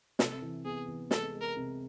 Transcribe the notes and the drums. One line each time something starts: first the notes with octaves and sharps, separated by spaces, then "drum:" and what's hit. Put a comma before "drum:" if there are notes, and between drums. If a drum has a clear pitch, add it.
C3 A4, drum: snare
E3
B3 G#4
E3
G#3 A4, drum: snare
G#3
A#4
C3